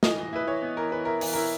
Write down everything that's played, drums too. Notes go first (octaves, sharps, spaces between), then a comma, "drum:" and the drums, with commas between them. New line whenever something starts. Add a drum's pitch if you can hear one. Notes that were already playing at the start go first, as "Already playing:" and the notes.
E3 D#5, drum: snare
E3
E4 B4
E3 C#5
B3
E3 A#4
E3 B4
E4 A#4
E3, drum: open hi-hat
E4 A#4